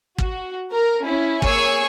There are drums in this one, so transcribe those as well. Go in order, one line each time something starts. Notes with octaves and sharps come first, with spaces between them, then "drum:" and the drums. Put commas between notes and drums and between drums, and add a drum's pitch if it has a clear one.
F#4, drum: kick
A#4
C#4 E4
A#3 G#4 C#5 G#5 C#6 E6, drum: kick